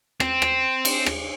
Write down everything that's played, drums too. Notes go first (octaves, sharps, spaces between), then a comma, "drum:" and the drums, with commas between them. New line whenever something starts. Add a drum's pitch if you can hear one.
C4, drum: rim click
drum: rim click
drum: cymbal
drum: rim click